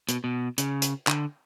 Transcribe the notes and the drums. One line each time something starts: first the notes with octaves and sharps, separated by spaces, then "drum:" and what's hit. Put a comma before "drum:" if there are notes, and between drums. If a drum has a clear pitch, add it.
B2, drum: hi-hat
B2
C#3, drum: hi-hat
drum: hi-hat
D3, drum: clap